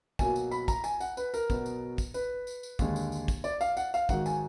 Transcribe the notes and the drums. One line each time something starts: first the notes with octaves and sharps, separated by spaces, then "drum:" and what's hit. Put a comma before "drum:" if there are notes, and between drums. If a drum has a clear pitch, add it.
B2 F#3 A#3 G#5, drum: kick, tambourine
drum: tambourine
B5, drum: tambourine
A#5, drum: kick, tambourine
G#5, drum: tambourine
F#5, drum: tambourine
B4, drum: tambourine
A#4, drum: tambourine
B2 F#3 B3, drum: kick, tambourine
drum: tambourine
drum: kick, tambourine
B4, drum: tambourine
drum: tambourine
drum: tambourine
D#2 D3 G#3, drum: kick, tambourine
drum: tambourine
drum: tambourine
drum: kick, tambourine
D5, drum: tambourine
F5, drum: tambourine
F#5, drum: tambourine
F5, drum: tambourine
G#2 D#3 F#3 F#5, drum: kick, tambourine
G#5, drum: tambourine